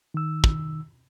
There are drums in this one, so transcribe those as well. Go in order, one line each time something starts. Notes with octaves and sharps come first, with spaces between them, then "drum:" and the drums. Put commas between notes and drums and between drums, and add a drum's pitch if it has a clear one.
D#3 E6
drum: kick